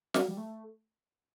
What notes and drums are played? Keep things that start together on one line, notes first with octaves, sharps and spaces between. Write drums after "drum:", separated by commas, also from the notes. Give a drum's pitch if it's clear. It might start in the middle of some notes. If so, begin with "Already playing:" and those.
G3, drum: snare
G3
A3